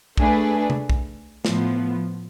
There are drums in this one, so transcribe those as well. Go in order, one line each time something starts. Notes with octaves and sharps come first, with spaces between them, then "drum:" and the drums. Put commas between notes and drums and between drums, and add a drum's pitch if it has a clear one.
A3 D4 G#4 B4, drum: kick B1
drum: tom C3
drum: kick B1
A2 F3 B3, drum: snare